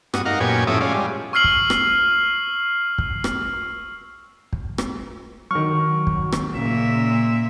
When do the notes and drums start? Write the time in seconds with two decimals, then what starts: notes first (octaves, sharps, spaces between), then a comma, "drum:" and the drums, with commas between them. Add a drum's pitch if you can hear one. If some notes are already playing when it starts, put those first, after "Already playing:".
0.14 G2 F#4 D#6, drum: rim click
0.25 D#4 A#4 F5 F#5
0.40 F#2 A#2 B3 G4 C#5 G#5
0.67 A2 F3 C#4 E5 D6 D#6
0.81 G#3 C#4 F4 D5
0.94 G3 G#3
1.33 C#6 E6 F6 C7 F#7
1.44 drum: kick
1.70 drum: rim click
2.98 drum: kick
3.24 drum: rim click
4.53 drum: kick
4.78 drum: rim click
5.51 D#3 F#3 C#6 F6
6.07 drum: kick
6.32 drum: rim click
6.55 A#2 C#3 E5